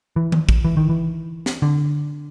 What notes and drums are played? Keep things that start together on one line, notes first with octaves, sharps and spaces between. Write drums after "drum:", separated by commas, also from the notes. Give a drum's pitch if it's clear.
E3
drum: tom D#3
drum: kick
E3
D#3
E3
drum: snare
D3